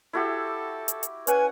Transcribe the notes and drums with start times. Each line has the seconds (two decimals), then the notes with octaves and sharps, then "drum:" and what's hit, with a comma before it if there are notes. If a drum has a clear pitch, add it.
0.13 E4 F#4 G4 A4
0.88 drum: hi-hat
1.03 drum: hi-hat
1.27 C#4 B4 F#5 G#5, drum: hi-hat